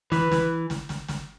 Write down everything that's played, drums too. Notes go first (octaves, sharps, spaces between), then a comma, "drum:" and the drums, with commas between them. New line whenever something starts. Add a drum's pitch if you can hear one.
E3 B4, drum: snare
E3, drum: snare
drum: snare
drum: snare
drum: snare